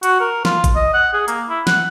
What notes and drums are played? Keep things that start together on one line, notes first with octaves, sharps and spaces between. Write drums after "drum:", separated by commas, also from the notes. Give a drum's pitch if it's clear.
F#4, drum: hi-hat
A#4
F4, drum: snare
drum: kick G#1, hi-hat
D#5
F#5
G#4
A#3, drum: hi-hat
E4
F#5, drum: snare